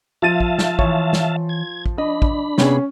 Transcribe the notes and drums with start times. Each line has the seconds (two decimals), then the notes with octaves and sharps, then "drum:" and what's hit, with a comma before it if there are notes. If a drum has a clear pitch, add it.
0.22 F3 E5 F5 A5 A6 D#7
0.40 drum: kick
0.59 drum: snare
0.79 E3 C#5, drum: kick
1.13 drum: snare
1.49 G#6
1.86 drum: kick
1.98 D4 D#5 B5
2.22 drum: kick
2.58 C3 B3 C#4 G#4, drum: snare